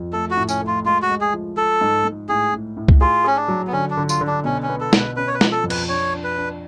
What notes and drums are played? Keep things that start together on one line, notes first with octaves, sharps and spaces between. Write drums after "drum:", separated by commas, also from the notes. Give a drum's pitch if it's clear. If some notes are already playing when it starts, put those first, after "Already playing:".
Already playing: F2
A3 A4
F#4
A2
C#4, drum: tambourine
A3
F4
G#3 F4
F#4
G#3
G#4
F3
F3 A4
G#2
G#2
A2 G#4
A2
A2
drum: kick C2
F4 G#4
C#4 G#4
D4
F#3
B3
D3 C#4
D4
D3
F4, drum: tambourine
D3
D4
B2 C#4
C#4
B3
A4
B2, drum: snare
B4
C#4 B4
C#5
B4
F3, drum: snare
A4
F2
B4, drum: cymbal
D4 C#5
D4
B4
D4